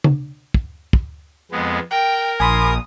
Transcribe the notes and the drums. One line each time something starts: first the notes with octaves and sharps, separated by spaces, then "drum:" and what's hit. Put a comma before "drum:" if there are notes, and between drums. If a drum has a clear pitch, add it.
drum: tom C#3
drum: kick
drum: kick
F2 G#3 B3
A#4 G5
A#1 G#5 B5 C6 D#6